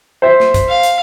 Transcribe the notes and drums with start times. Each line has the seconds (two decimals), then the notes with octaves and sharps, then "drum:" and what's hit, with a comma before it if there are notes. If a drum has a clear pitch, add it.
0.22 C5 E5
0.40 drum: snare
0.54 drum: kick, hi-hat
0.69 F5
0.83 drum: hi-hat